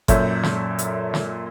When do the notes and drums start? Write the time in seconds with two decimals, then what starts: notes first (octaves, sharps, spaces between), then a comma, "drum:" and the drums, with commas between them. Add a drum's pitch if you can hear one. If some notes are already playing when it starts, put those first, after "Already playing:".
0.08 F#2 A#2 A4 C#5 E5 G6, drum: kick G1, hi-hat
0.43 drum: snare
0.79 drum: hi-hat
1.14 drum: snare